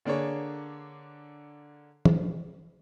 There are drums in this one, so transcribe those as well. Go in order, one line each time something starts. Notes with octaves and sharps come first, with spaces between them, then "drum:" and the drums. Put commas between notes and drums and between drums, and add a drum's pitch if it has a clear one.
D3 A#3 D4 G#4 C#5
drum: tom